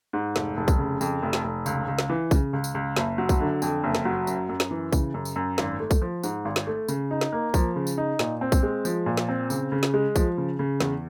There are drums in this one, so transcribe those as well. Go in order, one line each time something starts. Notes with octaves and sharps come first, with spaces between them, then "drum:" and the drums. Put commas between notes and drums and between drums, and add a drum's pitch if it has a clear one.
G#2
F1, drum: snare
F1
drum: kick B1, tambourine
C#3
F2, drum: tambourine
F1
drum: snare
F1
C#2, drum: tambourine
C#2
drum: snare
E3
C#3, drum: kick B1, tambourine
C#2
drum: tambourine
C#2
F#1, drum: snare
F#3
drum: kick B1, tambourine
D3
F2, drum: tambourine
F#1
drum: snare
F#3
F#2, drum: tambourine
F#2
drum: snare
E3
C#3, drum: kick B1, tambourine
F#2
drum: tambourine
F#2
G#1, drum: snare
A3
drum: kick B1, tambourine
F3
G#2, drum: tambourine
G#1
drum: snare
A3
C#3, drum: tambourine
D#4
drum: snare
A#3
F3, drum: kick B1, tambourine
C#3
drum: tambourine
D#4
A#2, drum: snare
C4
drum: kick B1, tambourine
G#3
F3, drum: tambourine
A#2
drum: snare
C4
C#3, drum: tambourine
C#3
drum: snare
G#3
F3, drum: kick B1, tambourine
C#3
C#3
E2, drum: snare